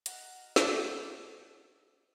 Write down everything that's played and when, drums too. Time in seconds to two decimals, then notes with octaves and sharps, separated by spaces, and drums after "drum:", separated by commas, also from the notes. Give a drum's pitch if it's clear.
0.06 D#4 F#4 A#4 A#5, drum: hi-hat
0.56 drum: snare